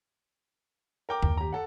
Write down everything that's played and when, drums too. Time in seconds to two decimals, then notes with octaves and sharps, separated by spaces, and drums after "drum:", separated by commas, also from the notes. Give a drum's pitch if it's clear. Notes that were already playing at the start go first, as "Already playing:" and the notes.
1.09 A#4 G5 D6
1.23 D#2, drum: tom F#2
1.37 G4 A#5
1.53 A4 F#5